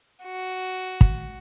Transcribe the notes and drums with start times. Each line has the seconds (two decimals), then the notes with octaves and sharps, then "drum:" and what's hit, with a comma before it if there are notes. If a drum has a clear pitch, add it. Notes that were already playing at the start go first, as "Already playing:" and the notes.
0.24 F#4
1.01 drum: kick